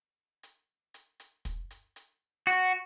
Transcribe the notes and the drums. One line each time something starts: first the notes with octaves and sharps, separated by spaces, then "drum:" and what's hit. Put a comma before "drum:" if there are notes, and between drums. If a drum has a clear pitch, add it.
drum: hi-hat
drum: hi-hat
drum: hi-hat
drum: kick, hi-hat
drum: hi-hat
drum: hi-hat
F#4, drum: hi-hat